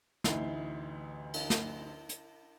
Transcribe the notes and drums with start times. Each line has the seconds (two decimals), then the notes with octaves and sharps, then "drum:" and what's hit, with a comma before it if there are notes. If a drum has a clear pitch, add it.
0.24 A1 D2 D#4 E4 C7 G7, drum: snare
1.34 drum: cymbal
1.50 drum: snare
2.09 drum: hi-hat